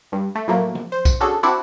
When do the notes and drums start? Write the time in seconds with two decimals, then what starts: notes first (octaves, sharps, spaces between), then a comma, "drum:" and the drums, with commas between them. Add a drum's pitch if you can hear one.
0.12 G2
0.35 A3
0.48 A2 F3 F#3 A3 A#3
0.75 drum: tom
0.92 C5
1.05 drum: kick B1, tambourine
1.20 C#4 D4 F#4 G#4 A4
1.43 C4 D4 E4 F#4 D5 F#5